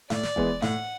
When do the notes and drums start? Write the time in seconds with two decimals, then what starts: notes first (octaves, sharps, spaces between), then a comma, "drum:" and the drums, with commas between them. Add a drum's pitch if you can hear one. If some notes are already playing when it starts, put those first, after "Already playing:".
0.10 A2 D5, drum: snare
0.23 drum: snare
0.36 E3 G#3 B3, drum: kick D#1
0.62 A2 F#5, drum: snare